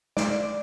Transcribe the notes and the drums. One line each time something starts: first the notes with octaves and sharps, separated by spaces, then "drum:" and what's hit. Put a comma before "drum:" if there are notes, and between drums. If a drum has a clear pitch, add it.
D5, drum: snare